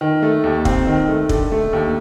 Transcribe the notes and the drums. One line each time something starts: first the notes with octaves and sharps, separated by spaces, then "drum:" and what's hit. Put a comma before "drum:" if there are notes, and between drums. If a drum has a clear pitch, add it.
D#3
A3
D#2
C4, drum: kick
D#3
A3
D3, drum: kick
A3
D#2